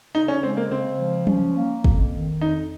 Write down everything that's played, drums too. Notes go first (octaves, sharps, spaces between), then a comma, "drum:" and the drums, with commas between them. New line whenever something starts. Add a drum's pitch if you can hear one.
C#3 D#4
C#4
G#3 C4
A#3
C#3 C4
F3
C#4, drum: tom F#3
A#3
F2, drum: kick
D#3
F2 D#4